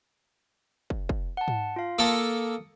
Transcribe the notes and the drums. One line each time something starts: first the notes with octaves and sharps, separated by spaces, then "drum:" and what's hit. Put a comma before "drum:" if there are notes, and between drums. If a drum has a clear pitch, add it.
drum: kick
drum: kick
F#5 A5
drum: tom G#2
F4 F5
A#3 A4 D#6 C#7 D7